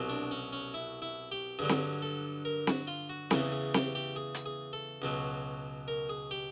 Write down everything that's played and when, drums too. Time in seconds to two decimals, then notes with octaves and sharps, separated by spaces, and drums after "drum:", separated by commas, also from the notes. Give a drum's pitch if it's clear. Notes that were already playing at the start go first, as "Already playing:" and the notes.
Already playing: C2 B2 F#3
0.09 D4
0.31 C#4
0.53 C#4
0.74 E4
1.02 E4
1.32 G4
1.59 G2 D3 F#3 G#4
1.69 drum: snare C4
2.02 A4
2.45 A#4
2.67 F#4, drum: snare C4
2.87 F4
3.09 F#4
3.31 E2 C#3 E3 G#4, drum: snare C4
3.52 G#4
3.74 G4, drum: snare C4
3.95 G4
4.16 G#4
4.34 drum: hi-hat
4.46 G#4
4.73 A4
5.02 C#2 B2 F#3
5.88 A#4
6.09 G#4
6.31 G4